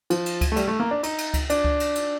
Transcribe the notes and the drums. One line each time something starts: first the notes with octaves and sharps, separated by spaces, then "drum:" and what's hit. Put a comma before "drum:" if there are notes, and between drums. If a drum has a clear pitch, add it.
F3, drum: cymbal
drum: cymbal
drum: kick C#2, cymbal
A3
G3, drum: cymbal
A3
A#3
D4
D#4, drum: cymbal
drum: cymbal
drum: kick C#2, cymbal
D4, drum: cymbal
drum: kick C#2
drum: cymbal
drum: cymbal